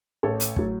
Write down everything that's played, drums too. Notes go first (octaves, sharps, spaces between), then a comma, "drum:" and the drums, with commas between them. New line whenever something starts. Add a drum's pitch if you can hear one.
A1 A4 C#5
drum: hi-hat
A2 F#3, drum: kick